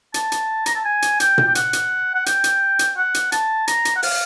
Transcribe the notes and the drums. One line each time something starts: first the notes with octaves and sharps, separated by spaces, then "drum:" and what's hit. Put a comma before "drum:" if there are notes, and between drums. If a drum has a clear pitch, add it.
A5, drum: hi-hat
drum: hi-hat
A#5, drum: hi-hat
A5
G#5
drum: hi-hat
G5, drum: hi-hat
drum: tom A#2
G5
F#5, drum: hi-hat
drum: hi-hat
F#5
G5, drum: hi-hat
drum: hi-hat
drum: hi-hat
F#5
drum: hi-hat
A5, drum: hi-hat
A#5, drum: hi-hat
drum: hi-hat
F#5
F5, drum: open hi-hat